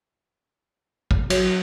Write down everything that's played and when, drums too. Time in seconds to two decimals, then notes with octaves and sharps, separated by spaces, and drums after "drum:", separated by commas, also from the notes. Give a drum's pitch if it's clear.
1.11 drum: kick A1
1.30 F#3, drum: cymbal